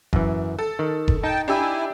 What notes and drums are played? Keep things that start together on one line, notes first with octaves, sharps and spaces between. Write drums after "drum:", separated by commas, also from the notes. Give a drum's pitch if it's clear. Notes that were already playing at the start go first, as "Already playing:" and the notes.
F#2 E3, drum: kick F1
A4
D#3
drum: kick F1
D#4 G5 A5
D4 E4 G4 E5 G#5